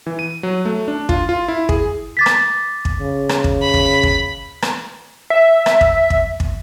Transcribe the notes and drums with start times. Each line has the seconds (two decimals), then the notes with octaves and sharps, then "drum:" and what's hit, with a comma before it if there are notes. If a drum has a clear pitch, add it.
0.06 E3
0.19 D#7
0.43 F#3
0.65 A3
0.88 D4
1.09 F4, drum: kick
1.29 F4
1.48 E4
1.69 G#4, drum: kick
2.17 D6 A6 B6
2.26 drum: rim click
2.85 drum: kick
3.00 C#3
3.29 drum: rim click
3.44 drum: kick
3.63 B5
3.74 drum: kick
4.03 drum: kick
4.62 drum: rim click
5.30 E5
5.66 drum: rim click
5.81 drum: kick
6.10 drum: kick
6.40 drum: kick